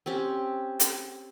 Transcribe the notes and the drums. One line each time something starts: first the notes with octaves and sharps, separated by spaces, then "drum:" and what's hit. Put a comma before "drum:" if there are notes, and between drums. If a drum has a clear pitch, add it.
C4 C#4 G4
drum: hi-hat